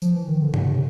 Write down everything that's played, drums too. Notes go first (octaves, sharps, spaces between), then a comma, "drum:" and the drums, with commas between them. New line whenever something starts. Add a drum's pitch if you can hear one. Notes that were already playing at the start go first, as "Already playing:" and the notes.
F3, drum: tambourine
E3
D#3
D3
C3, drum: tom G2
C3